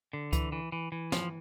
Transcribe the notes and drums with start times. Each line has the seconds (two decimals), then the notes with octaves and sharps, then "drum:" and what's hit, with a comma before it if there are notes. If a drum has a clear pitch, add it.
0.13 D3
0.33 E3, drum: kick C#2, hi-hat
0.52 E3
0.72 E3
0.92 E3
1.12 F3, drum: snare